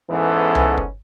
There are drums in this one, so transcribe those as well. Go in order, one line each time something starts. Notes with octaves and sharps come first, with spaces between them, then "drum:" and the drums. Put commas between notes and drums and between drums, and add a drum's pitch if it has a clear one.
E2 G#2 E3 B3 C#4 A4
drum: tom C2
drum: kick